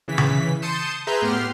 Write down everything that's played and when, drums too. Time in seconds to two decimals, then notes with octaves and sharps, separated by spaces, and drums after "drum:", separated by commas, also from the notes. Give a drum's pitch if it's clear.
0.08 C#3 E3 B6
0.18 drum: tom C#3
0.62 A5 C6 D#6 G6 C#7 E7
1.07 G#4 B4 E5 A#5 C6 G6
1.22 A2 B3 G4 C6 F6